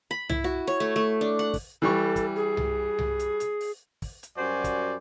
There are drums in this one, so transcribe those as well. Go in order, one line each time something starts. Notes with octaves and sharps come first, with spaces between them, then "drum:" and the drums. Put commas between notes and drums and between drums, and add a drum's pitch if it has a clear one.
B5
E4, drum: tom C2
F#4
C#5
A3
A3
D4
F#5
drum: kick, open hi-hat
E3 G3 A4 C#6
drum: kick, hi-hat
G#4
drum: tom C2
drum: tom C2
drum: hi-hat
drum: hi-hat
drum: open hi-hat
drum: kick, open hi-hat
drum: hi-hat
F#2 G3 F#4 C5 D5 G#5
drum: kick, hi-hat